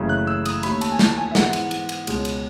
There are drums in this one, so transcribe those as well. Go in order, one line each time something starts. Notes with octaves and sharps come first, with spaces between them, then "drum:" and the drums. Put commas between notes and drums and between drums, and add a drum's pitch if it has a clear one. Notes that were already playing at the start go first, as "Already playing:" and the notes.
Already playing: F#1 F#2 C#3 E3 A3
F#6
E6
D#6, drum: cymbal
D#2 D#3 A3 C#4 B5, drum: cymbal
A5, drum: cymbal
G#5
A5, drum: snare
A5
G#5
E5
G#2 E3 G#3 B3 F#5, drum: snare
drum: cymbal
drum: cymbal
drum: cymbal
C#2 B2 G#3 C#4, drum: cymbal
drum: cymbal